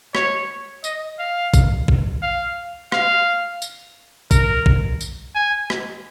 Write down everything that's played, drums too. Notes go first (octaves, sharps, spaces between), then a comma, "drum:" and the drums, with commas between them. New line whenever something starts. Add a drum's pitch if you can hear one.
C#5, drum: rim click
D#5, drum: tambourine
F5
drum: kick, tambourine
drum: kick
F5
F5, drum: rim click
drum: tambourine
A#4, drum: kick, tambourine
drum: kick
drum: tambourine
G#5
drum: rim click